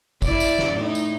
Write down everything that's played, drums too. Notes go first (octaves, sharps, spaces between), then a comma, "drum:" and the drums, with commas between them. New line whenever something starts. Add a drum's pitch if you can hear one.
E4 D5, drum: kick, tambourine
drum: tambourine
drum: snare
A2 D#4
drum: tambourine